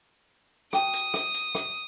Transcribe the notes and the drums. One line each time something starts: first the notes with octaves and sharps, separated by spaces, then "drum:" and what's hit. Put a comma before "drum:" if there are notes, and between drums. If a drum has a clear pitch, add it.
F#4 G5 A5 D#6, drum: rim click
drum: hi-hat
drum: rim click
drum: hi-hat
drum: rim click